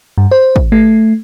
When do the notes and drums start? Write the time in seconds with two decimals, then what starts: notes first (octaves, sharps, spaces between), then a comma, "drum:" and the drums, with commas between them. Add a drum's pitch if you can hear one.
0.18 G2
0.31 C5
0.56 drum: kick
0.72 A3